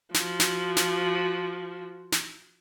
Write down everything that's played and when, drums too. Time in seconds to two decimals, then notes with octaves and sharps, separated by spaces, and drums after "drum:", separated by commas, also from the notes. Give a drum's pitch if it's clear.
0.14 F3 F#4, drum: snare
0.40 drum: snare
0.77 drum: snare
2.12 drum: snare